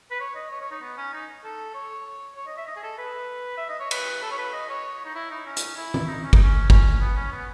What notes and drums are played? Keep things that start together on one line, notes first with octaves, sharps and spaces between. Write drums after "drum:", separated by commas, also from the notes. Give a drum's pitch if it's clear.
B4
C#5
D#5
C#5
C#5
D#4
B3
C#4
D#4
A4
C#5
C#5
D#5
E5
D#5
G#4
A4
B4
E5
D#5
C#5
B4, drum: cymbal
A4
C#5
B4
D#5
C#5
D#4
E4
D#4
C#4
drum: hi-hat
E4
drum: tom
D#4
C#4
D#4, drum: kick G1
C#4
C#4, drum: kick G1
B3
C#4
B3